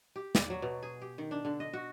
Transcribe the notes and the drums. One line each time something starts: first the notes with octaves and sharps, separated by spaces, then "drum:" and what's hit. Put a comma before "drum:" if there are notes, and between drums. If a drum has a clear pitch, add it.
G4
D5, drum: snare
F#3
B2
G#4
G4
D#3
D4
D3
D#5
F#4